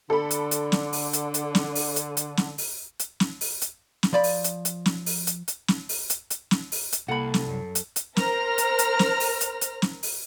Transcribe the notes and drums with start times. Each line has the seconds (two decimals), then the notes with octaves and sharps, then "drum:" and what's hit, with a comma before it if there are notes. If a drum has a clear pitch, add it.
0.10 D3 A4 B5
0.31 drum: hi-hat
0.51 drum: hi-hat
0.72 drum: snare
0.93 drum: open hi-hat
1.13 drum: hi-hat
1.34 drum: hi-hat
1.55 drum: snare
1.75 drum: open hi-hat
1.96 drum: hi-hat
2.17 drum: hi-hat
2.37 drum: snare
2.58 drum: open hi-hat
2.99 drum: hi-hat
3.20 drum: snare
3.41 drum: open hi-hat
3.61 drum: hi-hat
4.03 drum: snare
4.13 F3 D5 B5
4.24 drum: open hi-hat
4.44 drum: hi-hat
4.65 drum: hi-hat
4.86 drum: snare
5.06 drum: open hi-hat
5.27 drum: hi-hat
5.48 drum: hi-hat
5.68 drum: snare
5.89 drum: open hi-hat
6.10 drum: hi-hat
6.30 drum: hi-hat
6.51 drum: snare
6.72 drum: open hi-hat
6.92 drum: hi-hat
7.08 C2 A#3 A4 F#5 B5
7.34 drum: snare
7.46 F#2
7.75 drum: hi-hat
7.96 drum: hi-hat
8.17 A#4 C5 A#5 F6, drum: snare
8.58 drum: hi-hat
8.79 drum: hi-hat
8.99 drum: snare
9.20 drum: open hi-hat
9.41 drum: hi-hat
9.61 drum: hi-hat
9.82 drum: snare
10.03 drum: open hi-hat